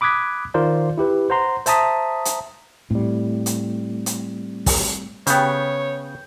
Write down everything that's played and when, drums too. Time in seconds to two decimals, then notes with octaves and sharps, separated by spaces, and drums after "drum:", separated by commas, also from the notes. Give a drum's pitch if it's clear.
0.01 B5 D6 D#6 F#6 G#6 B6
0.54 D#3 F4 A#4 C5 D5
0.98 E4 G4 B4
1.30 C5 F#5 A#5 C6
1.66 C5 E5 A5 A#5 D#6 B6, drum: hi-hat
2.25 drum: hi-hat
2.91 A2 G3 C4
3.46 drum: hi-hat
4.06 drum: hi-hat
4.66 drum: kick, open hi-hat
5.27 C#3 B3 C#5 G5, drum: hi-hat